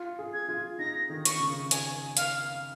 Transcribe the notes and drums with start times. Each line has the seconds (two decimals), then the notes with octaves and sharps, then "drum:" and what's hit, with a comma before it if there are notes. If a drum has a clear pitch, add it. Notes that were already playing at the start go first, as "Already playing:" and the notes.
Already playing: F4
0.19 G#4
0.34 G#6
0.49 F4
0.79 D#4 A#6
1.10 D#3
1.25 C#6, drum: hi-hat
1.40 C#3
1.71 G#5, drum: hi-hat
2.17 F5, drum: hi-hat